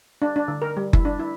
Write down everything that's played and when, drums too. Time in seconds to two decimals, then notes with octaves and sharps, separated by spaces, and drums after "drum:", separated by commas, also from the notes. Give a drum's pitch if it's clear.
0.22 D4
0.36 D4
0.48 D3
0.62 A#4
0.77 G3
0.93 E4, drum: kick F#1
1.05 D4
1.20 E4